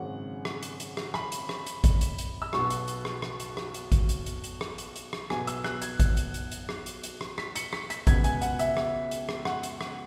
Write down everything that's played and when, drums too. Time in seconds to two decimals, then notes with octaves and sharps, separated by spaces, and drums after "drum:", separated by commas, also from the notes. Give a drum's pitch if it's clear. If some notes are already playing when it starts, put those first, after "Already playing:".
Already playing: G#1 F#2 C#3 G#3 C#4 F#5
0.45 drum: rim click
0.63 drum: hi-hat
0.80 drum: hi-hat
0.97 drum: rim click
1.14 B5, drum: rim click
1.32 drum: hi-hat
1.49 drum: rim click
1.66 drum: hi-hat
1.84 drum: kick G#1, hi-hat
2.01 drum: hi-hat
2.18 drum: hi-hat
2.42 E6
2.53 B1 B2 B3 C#6, drum: rim click
2.70 drum: hi-hat
2.88 drum: hi-hat
3.05 drum: rim click
3.22 drum: rim click
3.40 drum: hi-hat
3.57 drum: rim click
3.74 drum: hi-hat
3.92 drum: kick G#1, hi-hat
4.09 drum: hi-hat
4.26 drum: hi-hat
4.44 drum: hi-hat
4.61 drum: rim click
4.78 drum: hi-hat
4.96 drum: hi-hat
5.13 drum: rim click
5.30 B1 B2 B3 G#5, drum: rim click
5.47 E6, drum: hi-hat
5.64 F#6, drum: rim click
5.82 G#6, drum: hi-hat
6.00 drum: kick G#1, hi-hat
6.17 drum: hi-hat
6.34 drum: hi-hat
6.51 drum: hi-hat
6.69 drum: rim click
6.86 drum: hi-hat
7.03 drum: hi-hat
7.21 drum: rim click
7.38 B6, drum: rim click
7.56 C#7, drum: hi-hat
7.73 B6, drum: rim click
7.90 B6, drum: hi-hat
8.07 C#2 B2 B3 G#6, drum: kick G#1, hi-hat
8.24 G#5, drum: hi-hat
8.41 F#5, drum: hi-hat
8.59 E5, drum: hi-hat
8.77 drum: rim click
9.11 drum: hi-hat
9.29 drum: rim click
9.45 F#5, drum: rim click
9.63 drum: hi-hat
9.81 drum: rim click